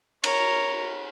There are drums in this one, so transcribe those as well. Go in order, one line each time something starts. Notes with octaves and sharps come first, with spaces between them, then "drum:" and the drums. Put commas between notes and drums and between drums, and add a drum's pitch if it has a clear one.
A#4 C#5, drum: cymbal